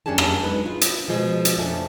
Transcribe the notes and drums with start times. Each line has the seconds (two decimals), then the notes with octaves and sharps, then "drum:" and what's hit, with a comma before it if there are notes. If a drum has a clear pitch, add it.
0.06 F#2 C#4 D4 G4 G#4 A5
0.18 drum: rim click
0.43 F#3 G#3 D#4 B4
0.66 F4
0.81 drum: hi-hat
1.08 B2 F3 G#3
1.45 drum: hi-hat
1.58 F2 C#3 F3 A3 C#4 D4